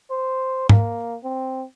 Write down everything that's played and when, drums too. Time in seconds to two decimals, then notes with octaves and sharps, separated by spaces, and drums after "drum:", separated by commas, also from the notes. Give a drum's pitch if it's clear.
0.11 C5
0.69 A#3, drum: tom G#2
1.24 C4